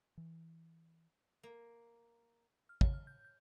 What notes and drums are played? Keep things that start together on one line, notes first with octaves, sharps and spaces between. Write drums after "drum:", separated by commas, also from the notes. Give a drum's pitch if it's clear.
E3
A#3
F6
C#5, drum: kick
F6
G6
G6